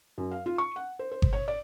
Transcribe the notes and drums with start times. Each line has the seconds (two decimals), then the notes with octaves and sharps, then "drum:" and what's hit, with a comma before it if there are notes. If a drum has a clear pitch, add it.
0.18 F#2
0.31 F5
0.46 F4
0.58 C#6
0.76 F#5
0.99 C5
1.12 C5
1.22 drum: kick G1
1.33 C#5
1.48 D5